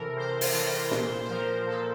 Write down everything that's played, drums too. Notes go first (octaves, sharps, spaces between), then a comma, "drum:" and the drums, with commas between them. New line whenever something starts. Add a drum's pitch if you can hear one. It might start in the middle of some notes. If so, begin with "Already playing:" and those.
Already playing: C3 E3 A4 A#4
C3 C5
A#4, drum: open hi-hat
E3
C5
A#2 C5, drum: snare
C5
F3 A#4
A#2 A4